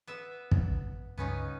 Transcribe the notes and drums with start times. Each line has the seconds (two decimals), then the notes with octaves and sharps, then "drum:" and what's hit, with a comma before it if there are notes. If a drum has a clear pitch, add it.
0.07 B3 E5
0.51 drum: kick
1.18 C#2 G2 C#3 B3 C#4 D#4